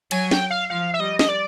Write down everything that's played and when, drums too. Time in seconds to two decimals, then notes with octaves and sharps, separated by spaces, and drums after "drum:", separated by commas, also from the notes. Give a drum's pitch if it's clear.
0.11 F#3 G#5, drum: cymbal
0.31 G5, drum: snare
0.50 F5
0.70 F3 F5
0.94 E5
1.00 G3 D#5
1.19 D#5, drum: snare
1.29 D5